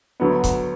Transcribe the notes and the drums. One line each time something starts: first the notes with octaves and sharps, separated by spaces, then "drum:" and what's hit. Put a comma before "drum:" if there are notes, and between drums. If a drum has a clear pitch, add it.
D2 D3 F#3 B3
drum: kick D#1, hi-hat